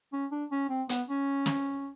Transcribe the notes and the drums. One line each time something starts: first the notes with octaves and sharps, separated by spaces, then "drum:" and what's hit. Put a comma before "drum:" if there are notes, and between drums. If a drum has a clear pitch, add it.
C#4
D4
C#4
C4
B3, drum: hi-hat
C#4
drum: snare